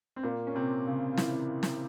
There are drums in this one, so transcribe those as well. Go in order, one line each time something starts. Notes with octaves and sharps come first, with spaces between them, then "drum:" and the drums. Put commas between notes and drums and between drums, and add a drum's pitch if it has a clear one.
C4
A#2 A#3
C#4
C3 C4
C#3 C#4
F4
E3 E4, drum: snare
drum: snare